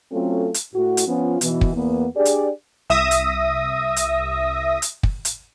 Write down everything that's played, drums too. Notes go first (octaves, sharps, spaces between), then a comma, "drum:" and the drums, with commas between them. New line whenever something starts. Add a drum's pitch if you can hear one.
F#3 A3 C4 C#4 F4 A4
drum: hi-hat
A2 F#4
drum: hi-hat
F3 B3 C#4 F4
B2 E3, drum: hi-hat
drum: kick
E2 A#3 B3
D4 G4 G#4 D5
drum: hi-hat
C2 E5 D#6 A#6
drum: hi-hat
drum: hi-hat
drum: hi-hat
drum: kick
drum: hi-hat